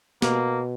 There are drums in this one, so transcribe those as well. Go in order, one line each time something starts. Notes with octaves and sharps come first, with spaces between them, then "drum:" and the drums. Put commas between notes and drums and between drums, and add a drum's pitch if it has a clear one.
B2 A#3, drum: snare